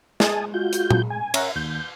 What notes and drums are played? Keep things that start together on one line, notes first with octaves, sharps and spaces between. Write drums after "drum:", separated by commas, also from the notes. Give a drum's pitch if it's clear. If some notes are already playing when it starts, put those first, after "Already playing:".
G#3 G#5 A5 D#6, drum: snare
F4 F#4 G6
drum: hi-hat
drum: tom A#2
G#5
C#4 A#4 E5 F#5, drum: cymbal
D#2 G6